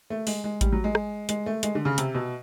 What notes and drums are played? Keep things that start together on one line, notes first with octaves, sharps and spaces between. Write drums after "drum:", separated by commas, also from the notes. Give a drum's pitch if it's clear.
A3
G#3, drum: open hi-hat
G#3
G3, drum: kick A1, hi-hat
F#3
G#3
drum: rim click
G#3, drum: hi-hat
A3
G#3, drum: hi-hat
D3
C#3
C3, drum: hi-hat
B2